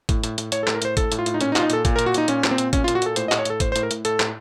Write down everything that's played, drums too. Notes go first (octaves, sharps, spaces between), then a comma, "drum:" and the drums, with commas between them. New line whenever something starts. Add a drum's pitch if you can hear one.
A2, drum: kick, hi-hat
A2, drum: hi-hat
A2, drum: hi-hat
A2 C#5, drum: hi-hat
A4
A2, drum: clap
A#4
A2 C5, drum: hi-hat
A2 A4, drum: kick, hi-hat
A2, drum: hi-hat
F4
A2, drum: hi-hat
D#4
A#2 C#4, drum: hi-hat
D#4
A#2 F4, drum: clap
D#4
A#2 A4, drum: hi-hat
A#2, drum: kick, hi-hat
A#4
A#2, drum: hi-hat
F#4
A#2 D#4, drum: hi-hat
A#2 C#4, drum: hi-hat
A#2, drum: clap
C4
A#2, drum: hi-hat
A#2 C#4, drum: kick, hi-hat
F4
A#2, drum: hi-hat
F#4
A#2 A4, drum: hi-hat
A2 C5, drum: hi-hat
D#5
A2, drum: clap
C#5
A2 A4, drum: hi-hat
A2 C5, drum: kick, hi-hat
C5
A2, drum: hi-hat
A#4
A2, drum: hi-hat
A2 A4, drum: hi-hat
A2, drum: clap